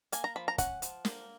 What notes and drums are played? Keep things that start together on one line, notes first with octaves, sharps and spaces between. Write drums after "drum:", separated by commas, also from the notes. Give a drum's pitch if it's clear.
A#3 G#5, drum: hi-hat
A#5
F3 B5
A#5
C#4 F#5, drum: kick, hi-hat
F3, drum: hi-hat
A#3, drum: snare